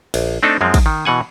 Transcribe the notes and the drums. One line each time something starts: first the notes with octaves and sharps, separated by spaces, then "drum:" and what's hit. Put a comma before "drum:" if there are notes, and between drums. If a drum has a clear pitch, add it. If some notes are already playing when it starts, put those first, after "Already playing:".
A#1, drum: cymbal
A3 C4 D4 D#4 A4
F#2 F3 G#3 C4
drum: kick, cymbal
D#3
B2 E3 F#5 G#5